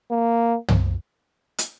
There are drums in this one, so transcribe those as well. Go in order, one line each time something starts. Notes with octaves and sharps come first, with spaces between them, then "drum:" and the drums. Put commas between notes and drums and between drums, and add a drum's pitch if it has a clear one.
A#3
drum: tom
drum: hi-hat